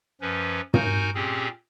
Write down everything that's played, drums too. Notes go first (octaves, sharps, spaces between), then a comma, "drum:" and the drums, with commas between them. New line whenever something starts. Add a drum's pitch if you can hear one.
F#2 F3 C#4 B4
D#4 F#4 A#4 G#5 G6, drum: tom
A#2 C4 C#4 G4 G#4